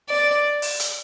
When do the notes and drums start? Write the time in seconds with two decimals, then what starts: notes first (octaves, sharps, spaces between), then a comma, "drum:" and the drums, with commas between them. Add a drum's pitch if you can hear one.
0.10 D5
0.62 drum: open hi-hat
0.79 drum: hi-hat